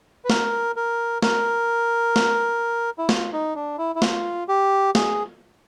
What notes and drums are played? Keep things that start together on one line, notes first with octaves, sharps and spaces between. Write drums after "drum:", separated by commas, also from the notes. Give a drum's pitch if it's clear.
B4
A#4, drum: snare
A#4
A#4, drum: snare
drum: snare
E4
F4, drum: snare
D#4
D4
E4
E4
F4, drum: snare
G4
G#4, drum: snare